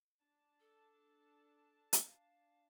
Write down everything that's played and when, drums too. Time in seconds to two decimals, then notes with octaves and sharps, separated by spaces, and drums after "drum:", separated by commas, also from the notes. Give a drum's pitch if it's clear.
0.22 D4 A5
0.60 A4
1.93 drum: hi-hat
2.06 F5